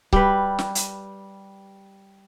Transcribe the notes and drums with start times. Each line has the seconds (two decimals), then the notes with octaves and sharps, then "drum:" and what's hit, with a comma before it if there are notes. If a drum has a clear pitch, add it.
0.13 G3 B4, drum: kick C#1
0.59 drum: snare
0.75 drum: hi-hat